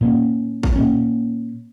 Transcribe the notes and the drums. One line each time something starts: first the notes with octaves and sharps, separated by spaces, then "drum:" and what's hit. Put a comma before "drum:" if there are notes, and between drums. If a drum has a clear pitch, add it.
A#2 A#3 C#4
drum: kick
A#2 A#3 C#4